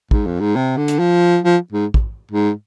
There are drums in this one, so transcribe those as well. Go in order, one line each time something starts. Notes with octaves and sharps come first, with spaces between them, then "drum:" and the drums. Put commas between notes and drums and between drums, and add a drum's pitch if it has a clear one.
G#2, drum: kick
F2
G#2
C3
D3
drum: hi-hat
F3
F3
G#2
drum: kick
G#2